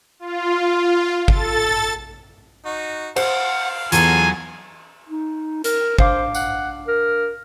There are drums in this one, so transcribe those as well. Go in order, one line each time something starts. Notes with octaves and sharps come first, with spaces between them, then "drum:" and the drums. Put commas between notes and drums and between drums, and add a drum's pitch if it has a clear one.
F4
A4 A6, drum: kick G#1
D#4 F#4
C5 F5 F#5, drum: cymbal
E2 F#3 F4 G#4 A4 G#5, drum: hi-hat
D#4
A#4, drum: hi-hat
D4 C5 F5 D6, drum: kick G#1
F#5, drum: tambourine
A#4